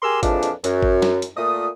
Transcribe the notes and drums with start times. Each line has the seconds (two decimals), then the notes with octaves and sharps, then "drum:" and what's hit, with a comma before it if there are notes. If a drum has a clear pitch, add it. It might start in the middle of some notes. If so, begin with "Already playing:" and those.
0.03 G4 G#4 A#4 C6 D6 E6
0.23 F2 A#2 E3 F3 G#3 D4, drum: kick G#1, hi-hat
0.43 drum: hi-hat
0.64 F#2, drum: hi-hat
0.82 drum: kick G#1
1.02 drum: snare
1.22 drum: hi-hat
1.37 A#2 A3 D#6